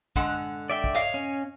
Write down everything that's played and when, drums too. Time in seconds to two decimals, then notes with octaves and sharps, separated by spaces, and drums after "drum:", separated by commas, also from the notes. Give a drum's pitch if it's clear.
0.16 D3 G#3 F#5, drum: kick
0.70 D5 E5 G5
0.84 drum: kick
0.94 C#5 D#5 F5
1.14 C#4